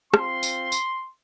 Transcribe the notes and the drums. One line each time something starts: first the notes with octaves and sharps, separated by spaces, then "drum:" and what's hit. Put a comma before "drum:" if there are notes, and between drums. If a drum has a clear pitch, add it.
C4 F4 C6, drum: rim click
drum: tambourine
drum: tambourine